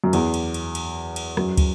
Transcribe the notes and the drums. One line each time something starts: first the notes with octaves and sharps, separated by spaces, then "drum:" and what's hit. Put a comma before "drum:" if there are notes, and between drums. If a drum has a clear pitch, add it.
F#2
E2, drum: cymbal
drum: cymbal
drum: cymbal
drum: cymbal
drum: cymbal
F#2, drum: rim click
drum: kick, cymbal